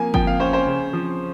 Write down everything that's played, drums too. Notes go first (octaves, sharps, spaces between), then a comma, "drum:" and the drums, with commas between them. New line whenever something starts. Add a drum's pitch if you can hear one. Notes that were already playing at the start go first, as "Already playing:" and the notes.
Already playing: F3 A#3 G#5
F3 G5, drum: kick G1
F5
C#4 C5
C5
C#3
F3